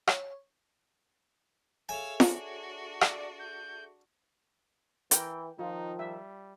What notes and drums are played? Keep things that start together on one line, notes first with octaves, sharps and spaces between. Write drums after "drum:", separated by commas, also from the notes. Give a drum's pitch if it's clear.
C#5, drum: rim click
G#4 A4 C#5 E5 F5 G#5 E6
D4 F#4, drum: snare F4
D5, drum: rim click
G6
E3 A#4 G5, drum: hi-hat
D#3 F3 D#4 F4
G3 E5